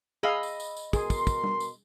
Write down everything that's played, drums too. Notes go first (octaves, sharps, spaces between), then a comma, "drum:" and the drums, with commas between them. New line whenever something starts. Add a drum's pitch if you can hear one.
G#4 D#5 F5 B5 E6
drum: tambourine
drum: tambourine
drum: tambourine
B2 G#4 A#4 C6, drum: kick, tambourine
drum: kick, tambourine
drum: kick, tambourine
drum: tom G3
drum: tambourine